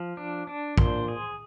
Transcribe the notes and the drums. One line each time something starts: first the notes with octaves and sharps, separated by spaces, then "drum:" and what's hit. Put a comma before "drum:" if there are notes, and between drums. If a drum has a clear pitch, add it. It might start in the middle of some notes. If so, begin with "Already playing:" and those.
Already playing: F3
D4
D4
A#2 C5, drum: kick
G#4